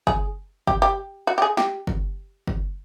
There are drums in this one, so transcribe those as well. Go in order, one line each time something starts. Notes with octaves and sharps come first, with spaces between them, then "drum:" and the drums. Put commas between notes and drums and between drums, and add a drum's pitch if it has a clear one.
G#4, drum: kick
G4, drum: kick
G4
F#4
G4
G#4
G4, drum: snare
drum: kick
drum: kick